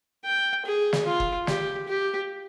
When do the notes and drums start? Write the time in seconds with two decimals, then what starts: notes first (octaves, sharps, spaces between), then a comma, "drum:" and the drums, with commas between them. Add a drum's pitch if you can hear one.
0.25 G5
0.66 G#4
0.93 drum: snare
1.06 F4
1.20 drum: kick
1.47 G4, drum: snare
1.88 G4